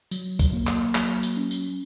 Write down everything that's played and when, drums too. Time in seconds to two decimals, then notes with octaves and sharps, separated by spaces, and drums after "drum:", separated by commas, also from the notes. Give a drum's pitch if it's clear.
0.11 F#3, drum: tambourine
0.39 drum: kick, tambourine
0.53 A#3
0.67 drum: clap
0.95 F#3, drum: clap
1.23 drum: tambourine
1.37 C#4
1.51 drum: tambourine